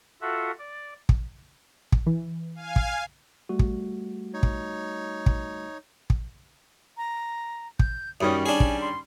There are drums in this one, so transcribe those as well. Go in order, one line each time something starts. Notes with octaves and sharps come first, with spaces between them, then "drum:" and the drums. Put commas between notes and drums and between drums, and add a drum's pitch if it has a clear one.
F4 F#4 A4 E5 F#5
D5
drum: kick
drum: kick
E3
F5 G#5
drum: kick
G3 A3 F#4
drum: kick
D#4 C#5
drum: kick
drum: kick
drum: kick
A#5
G6, drum: kick
F#2 D#3 G3 C#4 D#6
D4 G#4 G#5
drum: kick
C6